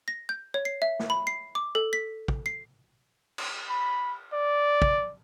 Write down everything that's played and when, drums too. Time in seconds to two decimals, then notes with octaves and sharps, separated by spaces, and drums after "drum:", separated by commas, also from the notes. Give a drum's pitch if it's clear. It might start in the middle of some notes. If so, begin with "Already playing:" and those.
0.08 A#6
0.29 G6
0.54 C#5
0.65 C7
0.82 E5
0.99 drum: snare
1.10 B5
1.27 C7
1.55 D6
1.75 A4
1.93 B6
2.28 drum: kick
2.46 C7
3.38 drum: cymbal
3.70 B5
4.33 D5
4.82 drum: kick